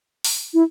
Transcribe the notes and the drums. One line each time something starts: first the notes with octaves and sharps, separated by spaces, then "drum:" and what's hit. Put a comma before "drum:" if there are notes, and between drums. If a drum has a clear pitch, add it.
drum: open hi-hat
E4